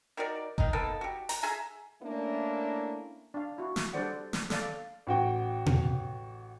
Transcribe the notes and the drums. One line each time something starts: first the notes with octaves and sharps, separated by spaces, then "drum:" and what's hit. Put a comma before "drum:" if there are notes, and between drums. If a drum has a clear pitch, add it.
D#3 F#4 A#4 D5
D#3 D#4, drum: kick F#1
D#3 A#3 B3 A4
F#4 G4
A#5, drum: open hi-hat
G#4 E5 G#5 A#5
A3 A#3 C#4 D4 E4
D4 F5
E4 F#4
drum: snare
G3 D4 A4 C5 D5 F#5
drum: snare
A4 D5 F5, drum: snare
A1 F#4 G5
drum: tom B2